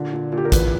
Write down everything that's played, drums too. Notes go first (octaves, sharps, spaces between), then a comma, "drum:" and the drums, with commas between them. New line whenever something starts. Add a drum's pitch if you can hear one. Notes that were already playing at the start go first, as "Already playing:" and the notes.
Already playing: A#2 D3
A#2
A#2
G4
A#4
E2 B4, drum: kick, hi-hat